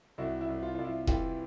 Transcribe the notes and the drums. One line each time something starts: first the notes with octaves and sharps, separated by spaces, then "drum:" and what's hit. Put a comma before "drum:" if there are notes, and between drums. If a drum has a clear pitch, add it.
C2 E4 F#4
E4
C2
F4
C2 F4
E4
E3 F4 G4, drum: kick E1